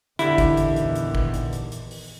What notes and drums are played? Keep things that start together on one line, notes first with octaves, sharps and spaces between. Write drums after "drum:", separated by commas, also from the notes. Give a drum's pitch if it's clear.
E2 A#2 D3 D#3 E4 G4, drum: hi-hat
drum: kick, hi-hat
drum: hi-hat
drum: hi-hat
drum: hi-hat
drum: kick
drum: hi-hat
drum: hi-hat
drum: hi-hat
drum: open hi-hat